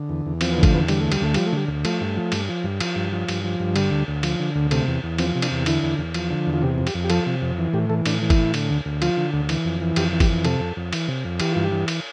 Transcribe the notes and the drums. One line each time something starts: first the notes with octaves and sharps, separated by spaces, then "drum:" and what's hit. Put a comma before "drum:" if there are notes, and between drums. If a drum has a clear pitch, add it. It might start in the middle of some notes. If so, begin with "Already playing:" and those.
Already playing: D3
E2
E2
F3 C4, drum: cymbal
B3
D3
A3, drum: kick G1, cymbal
E2 B3
D3 G3, drum: cymbal
A3
D2
G3, drum: cymbal
D2 A3
F3 G3, drum: cymbal
A3
D3 G3
D2
F3 A3, drum: cymbal
G2
F3
G2, drum: cymbal
F3
G2
F3, drum: cymbal
G2
F3
G2, drum: cymbal
F3
G2
D3 G3, drum: cymbal
D2
D2
F3, drum: cymbal
D3
D2
C3 A3, drum: cymbal
E2
E2
F3 C4, drum: cymbal
C3
D4, drum: cymbal
E2
D3 E4, drum: cymbal
E2
E2
F3, drum: cymbal
D3
E2
F4
C3 G4
F2
G4, drum: cymbal
F2
G4
F3 A4, drum: cymbal
C3
F2
E3
A2 G4
E3 A4
A2 D4, drum: cymbal
E3
E4, drum: kick G1, cymbal
A2
D3, drum: cymbal
D2
D2
F3 F4, drum: cymbal
D3
D2
E3, drum: cymbal
F2
E3
F2 G4, drum: cymbal
E3
G4, drum: kick G1, cymbal
F2
C3 A4, drum: cymbal
F2
F2
E3, drum: cymbal
C3
F2
E3 G4, drum: cymbal
G2 F4
G4
E3
drum: cymbal